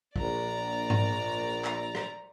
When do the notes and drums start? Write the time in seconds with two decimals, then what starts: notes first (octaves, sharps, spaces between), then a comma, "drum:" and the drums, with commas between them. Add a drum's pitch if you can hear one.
0.16 A#1 D5 A#5, drum: kick
0.90 drum: tom G#2
1.64 drum: clap
1.95 drum: rim click